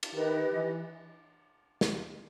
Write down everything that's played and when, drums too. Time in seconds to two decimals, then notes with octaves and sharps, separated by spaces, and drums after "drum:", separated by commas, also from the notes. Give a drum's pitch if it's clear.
0.03 drum: cymbal
0.14 D#3 G4 B4 D#5
0.53 E3
1.81 drum: snare